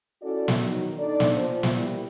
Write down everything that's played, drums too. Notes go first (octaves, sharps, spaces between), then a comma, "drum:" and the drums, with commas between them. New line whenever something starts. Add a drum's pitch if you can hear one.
C#4 E4 F#4 A4 D5
drum: snare
D#3 F#3
D4 D#4 A4 D5
drum: snare
A#2 F3
drum: snare
E3 G3 A#3 E4